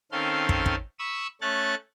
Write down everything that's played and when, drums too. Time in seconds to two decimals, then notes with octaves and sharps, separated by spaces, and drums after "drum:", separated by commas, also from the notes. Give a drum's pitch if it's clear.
0.12 D#3 C4 C#4 A4 F5 C6
0.49 drum: kick
0.66 drum: kick
0.99 B5 C#6 D#6 E6
1.41 A3 C#4 C#5 F#6 A6